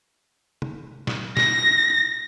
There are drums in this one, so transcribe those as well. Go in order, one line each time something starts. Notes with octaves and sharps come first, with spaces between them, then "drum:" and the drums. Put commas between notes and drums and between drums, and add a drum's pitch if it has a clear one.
drum: tom
drum: snare
A#6, drum: snare